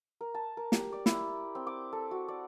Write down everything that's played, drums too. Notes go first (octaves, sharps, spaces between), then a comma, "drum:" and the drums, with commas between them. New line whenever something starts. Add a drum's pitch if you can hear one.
A#4
A5
A#4
G4, drum: snare
D5
E4, drum: snare
C4
D6
A4
F#4
D5